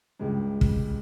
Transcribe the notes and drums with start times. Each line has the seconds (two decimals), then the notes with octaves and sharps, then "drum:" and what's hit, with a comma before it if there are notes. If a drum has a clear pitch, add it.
0.19 C#2 C#3 G3 G#3
0.61 drum: kick